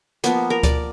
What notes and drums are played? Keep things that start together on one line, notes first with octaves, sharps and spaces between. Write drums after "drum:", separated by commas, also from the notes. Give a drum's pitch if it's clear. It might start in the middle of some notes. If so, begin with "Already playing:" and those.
F3 A#3 B3, drum: hi-hat
A#4
D5, drum: kick D2, hi-hat